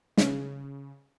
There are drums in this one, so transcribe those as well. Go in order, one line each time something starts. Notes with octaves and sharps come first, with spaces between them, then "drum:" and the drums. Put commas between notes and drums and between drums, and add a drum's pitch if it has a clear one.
C#3, drum: snare